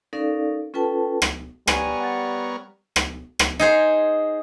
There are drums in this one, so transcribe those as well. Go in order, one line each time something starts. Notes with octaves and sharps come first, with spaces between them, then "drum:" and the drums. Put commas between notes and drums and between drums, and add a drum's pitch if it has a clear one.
C#4 D#4 A4 A#4 D5 F5
C#4 F4 A4 B4 G5 A5
drum: rim click
G3 B3 A#4 C#5 G#5, drum: rim click
F#5 A6
drum: rim click
drum: rim click
D#4 G#4 C5